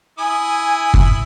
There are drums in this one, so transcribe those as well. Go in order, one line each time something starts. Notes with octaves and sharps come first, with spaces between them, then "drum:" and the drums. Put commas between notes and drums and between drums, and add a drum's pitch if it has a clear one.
E4 G#5 D#6
drum: kick